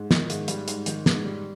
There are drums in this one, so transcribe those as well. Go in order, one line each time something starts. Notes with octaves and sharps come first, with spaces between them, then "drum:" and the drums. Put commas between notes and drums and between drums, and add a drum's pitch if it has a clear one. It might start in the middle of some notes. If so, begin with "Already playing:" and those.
Already playing: G#2
D#3, drum: snare
G#2, drum: hi-hat
G3, drum: hi-hat
G#2, drum: hi-hat
D#3, drum: hi-hat
G#2, drum: snare
G3